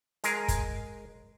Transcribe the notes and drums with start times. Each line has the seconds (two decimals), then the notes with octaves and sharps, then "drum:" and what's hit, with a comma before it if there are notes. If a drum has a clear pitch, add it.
0.24 G#3 G#4 A#4, drum: hi-hat
0.48 drum: kick, hi-hat